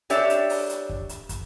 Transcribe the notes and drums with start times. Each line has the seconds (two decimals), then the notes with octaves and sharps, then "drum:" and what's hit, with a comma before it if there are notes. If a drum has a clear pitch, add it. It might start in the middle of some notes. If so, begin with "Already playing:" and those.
0.10 D4 G4 C#5 D5 E5, drum: hi-hat
0.30 drum: hi-hat
0.50 drum: open hi-hat
0.70 drum: hi-hat
0.89 drum: kick
1.09 drum: hi-hat
1.29 drum: kick, hi-hat